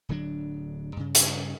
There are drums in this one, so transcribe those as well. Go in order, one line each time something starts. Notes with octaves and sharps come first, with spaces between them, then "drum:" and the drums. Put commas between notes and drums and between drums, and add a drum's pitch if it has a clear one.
D1 D3 F#3 D4
G2 C#3
drum: hi-hat